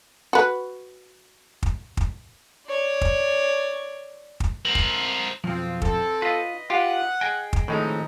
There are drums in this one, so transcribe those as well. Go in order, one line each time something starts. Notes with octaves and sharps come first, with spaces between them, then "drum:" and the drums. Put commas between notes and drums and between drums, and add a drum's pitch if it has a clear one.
F#4 B4
drum: kick
drum: kick
C#5 D5
drum: kick
drum: kick
C4 A#4 F#7
drum: kick
B1 F2 F3 C4 F4
C4 A4, drum: kick
F4 B4 D#5
F4 G4 F#5
G#4 D#5 G5 G#5
drum: kick
A2 D#3 F3 G#3 C4 C#4 D#4